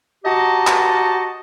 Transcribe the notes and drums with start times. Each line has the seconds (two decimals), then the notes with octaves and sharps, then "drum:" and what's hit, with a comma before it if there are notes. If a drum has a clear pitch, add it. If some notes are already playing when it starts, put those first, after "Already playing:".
0.25 F#4 G4 D#5 A5 A#5
0.67 drum: clap